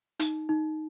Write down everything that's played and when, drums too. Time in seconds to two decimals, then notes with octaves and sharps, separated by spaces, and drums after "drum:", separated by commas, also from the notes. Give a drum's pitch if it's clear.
0.20 D#4, drum: hi-hat
0.49 D#4